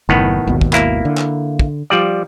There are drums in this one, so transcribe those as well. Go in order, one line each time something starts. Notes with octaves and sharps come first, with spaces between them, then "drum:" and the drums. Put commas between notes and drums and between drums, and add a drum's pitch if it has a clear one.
F#1 A2 D#3 B3
G#1 D#2 B2
drum: kick
A#3 E4, drum: clap
D3
drum: clap
drum: kick
F3 G3 D5